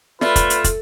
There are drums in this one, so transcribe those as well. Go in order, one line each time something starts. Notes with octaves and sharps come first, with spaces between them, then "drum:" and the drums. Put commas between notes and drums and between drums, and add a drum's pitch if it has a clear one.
A3 F4 B4 D5 B5, drum: snare
drum: kick, hi-hat
drum: hi-hat
drum: kick, hi-hat